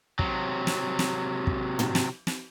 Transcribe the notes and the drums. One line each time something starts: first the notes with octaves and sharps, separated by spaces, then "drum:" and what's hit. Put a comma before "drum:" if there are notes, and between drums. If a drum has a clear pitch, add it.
C3 F#3, drum: kick
drum: snare
drum: snare
drum: kick
drum: tom
drum: snare
drum: snare